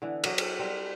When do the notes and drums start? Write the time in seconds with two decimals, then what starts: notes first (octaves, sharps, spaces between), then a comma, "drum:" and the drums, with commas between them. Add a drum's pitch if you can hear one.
0.02 D3 E3 B3
0.24 F#3 D5 D#5, drum: cymbal
0.38 drum: cymbal
0.59 G3 C4 A#4